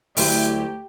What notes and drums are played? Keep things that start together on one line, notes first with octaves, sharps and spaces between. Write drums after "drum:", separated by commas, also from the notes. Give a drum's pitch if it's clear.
D2 F#3 E4 G4, drum: open hi-hat